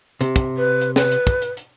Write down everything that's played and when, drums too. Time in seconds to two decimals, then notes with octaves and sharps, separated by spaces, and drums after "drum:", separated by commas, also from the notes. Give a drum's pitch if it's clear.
0.21 C3, drum: hi-hat
0.36 drum: kick, hi-hat
0.58 B4
0.81 drum: hi-hat
0.96 B4, drum: snare
1.12 drum: hi-hat
1.27 drum: kick, hi-hat
1.42 drum: hi-hat
1.57 drum: hi-hat